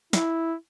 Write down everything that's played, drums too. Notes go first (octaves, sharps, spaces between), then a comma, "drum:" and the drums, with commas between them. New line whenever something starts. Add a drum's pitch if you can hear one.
E4, drum: snare